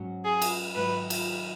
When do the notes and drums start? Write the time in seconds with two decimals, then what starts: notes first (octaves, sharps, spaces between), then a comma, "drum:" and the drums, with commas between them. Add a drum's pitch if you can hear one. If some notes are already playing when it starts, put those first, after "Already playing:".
Already playing: G#2 F#3 C#4 F#4
0.25 G#4
0.42 drum: cymbal
0.75 G#2 D#3 F#3 B4
1.10 drum: cymbal